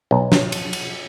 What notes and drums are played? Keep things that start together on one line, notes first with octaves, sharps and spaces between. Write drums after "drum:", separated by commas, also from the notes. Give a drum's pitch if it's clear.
B1
drum: snare
drum: cymbal
drum: cymbal